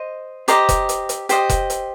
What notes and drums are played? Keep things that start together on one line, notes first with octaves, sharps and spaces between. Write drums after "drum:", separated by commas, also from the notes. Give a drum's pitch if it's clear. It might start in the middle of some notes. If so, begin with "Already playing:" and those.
Already playing: C5 D#5
G4 C5 D#5 A#5 D6, drum: hi-hat
drum: kick F1, hi-hat
drum: hi-hat
drum: hi-hat
G4 C5 D#5, drum: hi-hat
drum: kick F1, hi-hat
drum: hi-hat